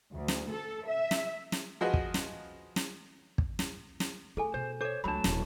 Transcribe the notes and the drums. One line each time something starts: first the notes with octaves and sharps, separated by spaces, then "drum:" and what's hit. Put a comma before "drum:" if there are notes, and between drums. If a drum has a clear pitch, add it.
D2
drum: snare
A4
E5
drum: snare
drum: snare
F3 F#4 G#4 B4 D#5
drum: kick
drum: snare
drum: snare
drum: kick
drum: snare
drum: snare
A3 G#4 A4 G#5
B2 C5
A4 C5 C#5 D6
C#2 F#3 A3 D4 A5 B5
D#1, drum: snare